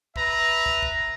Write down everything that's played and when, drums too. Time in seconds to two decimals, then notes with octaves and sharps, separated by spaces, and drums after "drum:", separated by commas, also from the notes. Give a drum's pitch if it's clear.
0.16 B4 E5 A#5, drum: kick
0.66 drum: kick
0.83 drum: kick